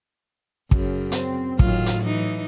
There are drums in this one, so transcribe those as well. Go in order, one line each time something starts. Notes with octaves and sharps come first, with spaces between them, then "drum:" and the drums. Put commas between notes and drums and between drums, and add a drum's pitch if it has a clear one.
F#2 C#3, drum: kick
C4, drum: hi-hat
A2 D#3 F#3 F4, drum: kick
drum: hi-hat
E3 D#4